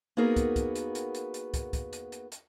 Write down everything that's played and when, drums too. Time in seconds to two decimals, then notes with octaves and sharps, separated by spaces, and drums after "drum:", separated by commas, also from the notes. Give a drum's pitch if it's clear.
0.17 A#3 B3 D#4 F#4 G#4 A#4
0.36 drum: kick, hi-hat
0.56 drum: kick, hi-hat
0.75 drum: hi-hat
0.95 drum: hi-hat
1.15 drum: hi-hat
1.34 drum: hi-hat
1.54 drum: kick, hi-hat
1.73 drum: kick, hi-hat
1.93 drum: hi-hat
2.12 drum: hi-hat
2.32 drum: hi-hat